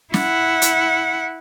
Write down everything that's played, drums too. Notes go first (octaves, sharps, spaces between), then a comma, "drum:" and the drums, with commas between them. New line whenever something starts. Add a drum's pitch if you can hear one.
E4 F#5, drum: snare
drum: hi-hat